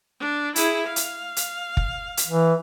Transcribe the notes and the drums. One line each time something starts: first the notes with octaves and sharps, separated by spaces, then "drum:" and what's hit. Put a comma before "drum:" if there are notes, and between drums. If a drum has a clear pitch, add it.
D4
E4 G#4, drum: hi-hat
F5
drum: hi-hat
drum: hi-hat
drum: kick
drum: hi-hat
E3